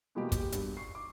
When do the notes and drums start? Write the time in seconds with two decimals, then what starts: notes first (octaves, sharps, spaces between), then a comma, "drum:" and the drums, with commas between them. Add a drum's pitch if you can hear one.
0.15 B2 E3 G#3 A#3 B3 G4
0.32 G4, drum: kick, hi-hat
0.52 G2, drum: hi-hat
0.77 C#6 C7
0.95 D6